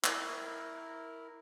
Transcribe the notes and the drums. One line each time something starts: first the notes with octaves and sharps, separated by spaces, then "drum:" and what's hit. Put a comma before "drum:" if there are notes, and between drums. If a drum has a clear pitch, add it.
E4 A#4, drum: clap